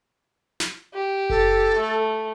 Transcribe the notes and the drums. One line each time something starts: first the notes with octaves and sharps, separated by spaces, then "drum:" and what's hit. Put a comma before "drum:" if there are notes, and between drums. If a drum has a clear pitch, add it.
drum: snare
G4
A4, drum: kick F#1
A3